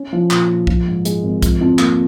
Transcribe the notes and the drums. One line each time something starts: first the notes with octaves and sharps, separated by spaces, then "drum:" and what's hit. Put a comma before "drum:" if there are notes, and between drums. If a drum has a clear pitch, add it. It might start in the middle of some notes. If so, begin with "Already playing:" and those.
Already playing: C#4
F3
A#2, drum: clap
A#2
F3, drum: kick
G#2
G#3, drum: hi-hat
G#1
F3, drum: kick, hi-hat
F2
A#3, drum: clap